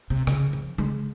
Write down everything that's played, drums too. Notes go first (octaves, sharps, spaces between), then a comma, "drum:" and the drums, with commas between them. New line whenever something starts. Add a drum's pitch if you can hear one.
C3
C#3, drum: rim click
F3
G#3, drum: tom C#3